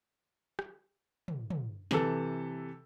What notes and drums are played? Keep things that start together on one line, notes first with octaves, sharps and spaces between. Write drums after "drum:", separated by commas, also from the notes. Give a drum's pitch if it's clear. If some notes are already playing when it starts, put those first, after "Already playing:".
drum: rim click
drum: tom
drum: tom
C3 E3 A4, drum: snare